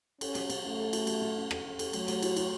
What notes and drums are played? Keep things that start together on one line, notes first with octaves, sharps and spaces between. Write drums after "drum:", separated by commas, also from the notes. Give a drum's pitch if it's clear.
C#4 A4, drum: cymbal
F#3, drum: cymbal
F#3, drum: cymbal
A3 C#4
A4
F#4, drum: cymbal
F#3, drum: cymbal
F#3
C#4
A4, drum: rim click
A4
A4, drum: cymbal
F#3 A3, drum: cymbal
A3, drum: cymbal
F#4, drum: cymbal
F#4, drum: cymbal